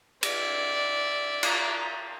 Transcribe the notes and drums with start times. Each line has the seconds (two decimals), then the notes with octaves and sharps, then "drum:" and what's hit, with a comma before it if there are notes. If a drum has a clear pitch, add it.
0.23 D5 E5, drum: cymbal
1.43 drum: cymbal